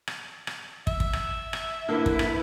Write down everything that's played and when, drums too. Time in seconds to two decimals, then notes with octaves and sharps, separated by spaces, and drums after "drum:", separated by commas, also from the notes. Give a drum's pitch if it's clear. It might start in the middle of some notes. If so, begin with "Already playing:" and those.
0.07 drum: rim click
0.47 drum: rim click
0.87 E5, drum: kick
1.00 drum: kick
1.13 drum: rim click
1.53 drum: rim click
1.89 D3 A#3 E4 B4
2.06 drum: kick
2.19 drum: rim click